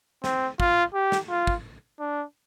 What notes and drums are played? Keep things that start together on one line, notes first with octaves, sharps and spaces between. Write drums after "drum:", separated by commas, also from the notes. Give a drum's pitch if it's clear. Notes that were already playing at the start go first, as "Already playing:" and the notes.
C4, drum: snare
F4, drum: kick
G4
drum: snare
F4
drum: kick
D4